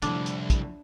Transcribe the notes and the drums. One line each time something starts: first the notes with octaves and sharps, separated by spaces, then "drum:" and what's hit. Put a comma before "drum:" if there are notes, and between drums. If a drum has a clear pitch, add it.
C2 F2 A2 D3 F3 D4, drum: hi-hat
drum: hi-hat
drum: kick, hi-hat